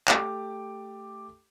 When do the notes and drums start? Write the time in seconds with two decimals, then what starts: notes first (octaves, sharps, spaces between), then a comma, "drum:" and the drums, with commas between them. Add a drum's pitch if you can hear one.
0.08 A3 G4 D6, drum: clap